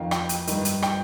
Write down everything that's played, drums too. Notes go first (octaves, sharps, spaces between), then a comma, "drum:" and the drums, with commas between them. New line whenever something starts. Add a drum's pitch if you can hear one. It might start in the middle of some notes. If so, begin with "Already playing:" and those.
Already playing: F2 D#3 F5
G5, drum: rim click
drum: hi-hat
G2 D#3, drum: hi-hat
drum: hi-hat
G5, drum: rim click